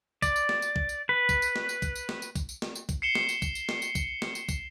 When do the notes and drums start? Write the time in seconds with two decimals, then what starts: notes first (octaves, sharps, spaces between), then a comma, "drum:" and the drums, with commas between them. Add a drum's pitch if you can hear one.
0.22 D5, drum: kick, tambourine
0.36 drum: tambourine
0.49 drum: snare
0.62 drum: tambourine
0.76 drum: kick
0.89 drum: tambourine
1.09 B4
1.29 drum: kick, tambourine
1.42 drum: tambourine
1.56 drum: snare
1.69 drum: tambourine
1.82 drum: kick, tambourine
1.96 drum: tambourine
2.09 drum: snare
2.22 drum: tambourine
2.35 drum: kick, tambourine
2.49 drum: tambourine
2.62 drum: snare
2.75 drum: tambourine
2.89 drum: kick, tambourine
3.02 C7 C#7 E7 G7
3.15 drum: snare
3.29 drum: tambourine
3.42 drum: kick, tambourine
3.55 drum: tambourine
3.69 drum: snare
3.82 drum: tambourine
3.95 drum: kick, tambourine
4.22 drum: snare
4.35 drum: tambourine
4.49 drum: kick, tambourine